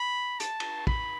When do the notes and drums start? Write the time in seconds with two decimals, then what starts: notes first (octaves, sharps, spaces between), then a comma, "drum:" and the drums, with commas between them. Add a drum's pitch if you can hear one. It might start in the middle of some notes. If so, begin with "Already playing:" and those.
Already playing: B5
0.40 A5, drum: hi-hat
0.60 drum: cymbal
0.87 B5, drum: kick